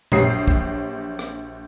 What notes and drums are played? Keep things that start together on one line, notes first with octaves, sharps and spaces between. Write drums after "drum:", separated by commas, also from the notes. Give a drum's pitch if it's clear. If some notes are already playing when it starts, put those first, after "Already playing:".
A#1 F#3 G4 D#6 C7, drum: tom A#2
drum: kick
drum: rim click